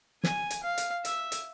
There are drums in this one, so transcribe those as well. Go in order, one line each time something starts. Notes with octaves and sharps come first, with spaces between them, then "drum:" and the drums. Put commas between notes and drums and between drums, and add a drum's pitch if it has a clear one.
G#5, drum: snare
drum: hi-hat
F5
drum: hi-hat
E5, drum: hi-hat
drum: hi-hat